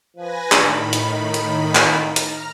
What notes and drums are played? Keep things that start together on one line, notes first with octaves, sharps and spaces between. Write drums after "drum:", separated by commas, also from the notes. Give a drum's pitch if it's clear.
F3 B4 G#5 A#6
A2 D#3 D4 B5, drum: clap
D#4, drum: hi-hat
drum: hi-hat
drum: clap
A#5 F6, drum: hi-hat